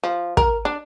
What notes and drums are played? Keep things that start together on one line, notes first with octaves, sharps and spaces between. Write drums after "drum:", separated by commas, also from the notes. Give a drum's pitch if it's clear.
F3
A#4, drum: kick
D4